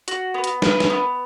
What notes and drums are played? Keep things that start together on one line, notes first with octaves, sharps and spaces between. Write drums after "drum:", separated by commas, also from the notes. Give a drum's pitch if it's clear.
F#4, drum: hi-hat
B3
drum: hi-hat
B4, drum: snare
drum: snare
B3